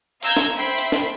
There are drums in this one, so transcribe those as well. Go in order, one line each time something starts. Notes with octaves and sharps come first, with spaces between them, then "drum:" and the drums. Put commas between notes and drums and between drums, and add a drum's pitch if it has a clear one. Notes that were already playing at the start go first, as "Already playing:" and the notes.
F5 A#5 E6 G6 G#6, drum: open hi-hat
drum: snare
C5 E5 G5 B5 C7
drum: hi-hat
drum: snare